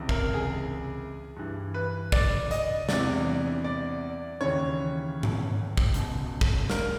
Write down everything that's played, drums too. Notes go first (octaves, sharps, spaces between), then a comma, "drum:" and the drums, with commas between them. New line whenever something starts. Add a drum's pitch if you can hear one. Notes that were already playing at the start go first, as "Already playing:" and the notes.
Already playing: C#2 C3 E3
A#4, drum: kick
G#4
G2 E3
B4
D5, drum: kick
D#5, drum: hi-hat
E2 C3 E3 D5, drum: snare
D5
D#2 C#3 E3 C#5
drum: tom G#2
drum: kick
C#2 B2, drum: hi-hat
drum: kick
A#4, drum: snare